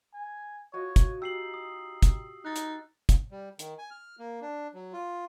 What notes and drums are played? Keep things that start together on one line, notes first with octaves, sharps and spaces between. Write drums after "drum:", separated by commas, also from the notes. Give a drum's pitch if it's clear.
G#5
F4 F#4 C#5 D#5
drum: kick, hi-hat
D#4 G4 E6 C7 F#7
D#6
drum: kick, hi-hat
D#4 F#6 A6
drum: hi-hat
drum: kick, hi-hat
G3
D#3, drum: hi-hat
G#5
F6
A#3
D4
F#3
F4